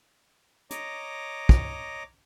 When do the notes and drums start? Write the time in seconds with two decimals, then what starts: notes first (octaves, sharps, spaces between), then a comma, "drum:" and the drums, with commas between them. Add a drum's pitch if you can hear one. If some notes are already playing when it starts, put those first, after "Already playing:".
0.70 C#5 D#5 A#5 D6, drum: hi-hat
1.49 drum: kick